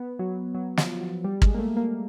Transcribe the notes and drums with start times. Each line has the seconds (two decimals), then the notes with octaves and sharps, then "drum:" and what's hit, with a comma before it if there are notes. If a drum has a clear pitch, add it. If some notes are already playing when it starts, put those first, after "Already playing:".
Already playing: B3
0.19 F#3
0.55 F#3
0.77 F3, drum: snare
1.00 F#3
1.24 G3
1.42 G#3, drum: kick
1.54 A#3
1.59 A3
1.77 A#3